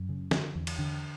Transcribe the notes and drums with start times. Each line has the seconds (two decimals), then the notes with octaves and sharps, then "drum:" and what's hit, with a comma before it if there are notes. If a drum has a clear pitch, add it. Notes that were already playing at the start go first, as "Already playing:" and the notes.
Already playing: F#2
0.09 C#3
0.31 D3, drum: snare
0.55 E2
0.67 drum: cymbal
0.79 D3